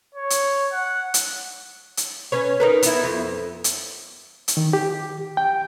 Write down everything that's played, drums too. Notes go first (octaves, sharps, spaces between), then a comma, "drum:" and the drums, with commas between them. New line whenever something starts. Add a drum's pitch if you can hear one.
C#5
drum: hi-hat
F#5
drum: hi-hat
drum: hi-hat
C#4 B4 C#5
D#4 A#4 B4
B3 E4, drum: hi-hat
F2
drum: hi-hat
drum: hi-hat
D#3
G4
G5